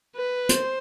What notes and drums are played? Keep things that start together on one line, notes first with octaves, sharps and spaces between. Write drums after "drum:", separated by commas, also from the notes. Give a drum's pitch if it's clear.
B4
C5, drum: hi-hat